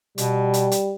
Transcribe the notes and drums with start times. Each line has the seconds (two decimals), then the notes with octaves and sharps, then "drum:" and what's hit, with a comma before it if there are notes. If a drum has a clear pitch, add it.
0.18 B2 G3, drum: hi-hat
0.54 drum: hi-hat
0.71 drum: hi-hat